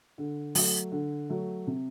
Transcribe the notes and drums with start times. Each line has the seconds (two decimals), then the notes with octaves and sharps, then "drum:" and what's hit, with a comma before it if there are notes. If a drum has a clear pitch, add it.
0.18 D3
0.55 F#3 A3, drum: open hi-hat
0.92 D3
1.29 F#3 A3
1.67 C3